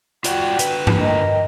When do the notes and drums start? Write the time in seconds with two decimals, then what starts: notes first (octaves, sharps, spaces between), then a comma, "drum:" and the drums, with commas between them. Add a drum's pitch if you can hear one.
0.24 F4 F#4 D5 F#5 G5, drum: hi-hat
0.59 D3 B4, drum: hi-hat
0.87 drum: tom G2
1.00 A#4 D#5 G5